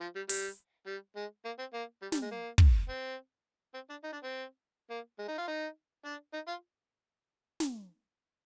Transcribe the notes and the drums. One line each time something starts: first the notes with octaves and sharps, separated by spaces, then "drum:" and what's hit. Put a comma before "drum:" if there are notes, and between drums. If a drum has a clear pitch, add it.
F3
G3
G3, drum: open hi-hat
G3
G#3
A#3
C4
A#3
G3
G3, drum: snare
G#3
A#3
drum: kick
C4
C4
D4
D#4
D4
C4
A#3
G#3
D#4
F4
D#4
D4
D#4
F4
drum: snare